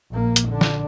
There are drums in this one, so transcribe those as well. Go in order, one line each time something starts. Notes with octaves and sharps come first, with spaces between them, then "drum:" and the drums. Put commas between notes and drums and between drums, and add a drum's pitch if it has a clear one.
A#1 A#3
drum: hi-hat
D3 D4
drum: snare